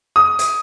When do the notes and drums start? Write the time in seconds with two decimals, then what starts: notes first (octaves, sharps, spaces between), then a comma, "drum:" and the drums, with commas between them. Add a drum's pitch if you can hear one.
0.16 D#6
0.39 drum: hi-hat